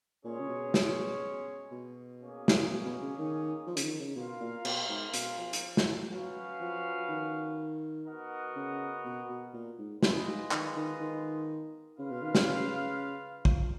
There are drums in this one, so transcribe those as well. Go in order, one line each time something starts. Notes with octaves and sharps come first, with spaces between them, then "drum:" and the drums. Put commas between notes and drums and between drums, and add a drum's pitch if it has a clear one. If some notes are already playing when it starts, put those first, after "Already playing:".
A#2 G#3 C#4 G#4 C#5
C#3
B2
drum: snare
B2
A#3 C#4 G#4 C#5
drum: snare
B2
B2
C#3
D#3
F3
C#3, drum: hi-hat
D#3
C#3
B2 F4 A#4 F5
A#2
B2, drum: cymbal
G#2
B2, drum: hi-hat
F3
drum: hi-hat
drum: snare
F#3 C#4 F#4 B4 F5
F3
D#3
B3 F#4 A#4 D#5 F#5
C#3
B2
B2
A#2
G#2
F#2 G#3 B3 F4 B4 D#5, drum: snare
G#2
D#3, drum: clap
D#3
D#3
C#3 F4 B4 F5
B2
D#3
C#3, drum: snare
C#3
F3, drum: kick